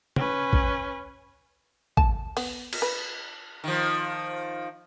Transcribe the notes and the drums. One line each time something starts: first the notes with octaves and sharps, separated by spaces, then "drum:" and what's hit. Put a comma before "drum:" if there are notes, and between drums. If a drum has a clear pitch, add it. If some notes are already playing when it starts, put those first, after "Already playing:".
C#4 B4, drum: tom
drum: kick
A5, drum: kick
B3, drum: open hi-hat
drum: cymbal
B4
D#3 F3